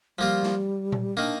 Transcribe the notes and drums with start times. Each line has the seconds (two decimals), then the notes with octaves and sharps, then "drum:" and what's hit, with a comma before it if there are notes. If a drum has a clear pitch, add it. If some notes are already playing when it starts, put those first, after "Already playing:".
0.18 F3 G3 A#3 F4
0.43 drum: snare
0.92 drum: tom A#2
1.17 D#3 A#3 D4